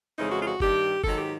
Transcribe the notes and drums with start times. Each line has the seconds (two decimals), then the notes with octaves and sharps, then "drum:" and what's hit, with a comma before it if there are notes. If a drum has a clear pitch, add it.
0.17 F2 C#3 E3 G#3 D#4
0.32 F#4
0.41 F4
0.46 F#4
0.60 G2 D#3 G3 G4, drum: kick F#1
1.04 G#2 D#3 F#3 A4, drum: kick F#1
1.18 G4